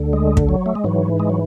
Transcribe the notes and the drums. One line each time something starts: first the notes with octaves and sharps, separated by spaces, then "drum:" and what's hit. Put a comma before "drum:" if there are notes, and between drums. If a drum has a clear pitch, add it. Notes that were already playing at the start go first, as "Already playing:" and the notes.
Already playing: D2 D3
G#3
drum: kick
F#3
A3
G#3
G#2 E3 F#3
G#3
F#3